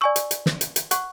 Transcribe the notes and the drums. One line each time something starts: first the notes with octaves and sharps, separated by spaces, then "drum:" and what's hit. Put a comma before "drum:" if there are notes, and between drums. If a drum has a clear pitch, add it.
D5 G#5 C#6 E6
drum: hi-hat
drum: hi-hat
drum: snare
drum: hi-hat
drum: hi-hat
F#5 C#6 F#6, drum: hi-hat